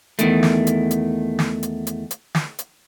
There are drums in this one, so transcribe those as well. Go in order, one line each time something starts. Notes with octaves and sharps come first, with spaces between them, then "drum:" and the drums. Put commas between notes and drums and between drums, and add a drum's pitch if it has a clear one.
E2 D#3 A3, drum: hi-hat
drum: snare
drum: hi-hat
drum: hi-hat
drum: snare
drum: hi-hat
drum: hi-hat
drum: hi-hat
drum: snare
drum: hi-hat